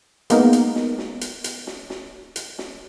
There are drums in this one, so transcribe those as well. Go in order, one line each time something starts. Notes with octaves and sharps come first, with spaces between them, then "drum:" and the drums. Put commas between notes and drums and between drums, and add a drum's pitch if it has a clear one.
G#3 A#3 B3 D#4 A#4, drum: hi-hat
drum: hi-hat
drum: snare
drum: snare
drum: hi-hat
drum: hi-hat
drum: snare
drum: snare
drum: hi-hat
drum: snare